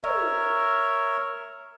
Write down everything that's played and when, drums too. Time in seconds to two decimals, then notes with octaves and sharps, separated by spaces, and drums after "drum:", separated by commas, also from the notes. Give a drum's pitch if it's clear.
0.04 A#4 C#5 E5, drum: tom